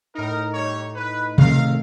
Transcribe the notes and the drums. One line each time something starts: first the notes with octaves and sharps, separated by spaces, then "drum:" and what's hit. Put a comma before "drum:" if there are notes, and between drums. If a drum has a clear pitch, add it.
A2 D#4 A#4
G3 C#5
B4
C3 D#3 A3 A#4 F5, drum: tom C3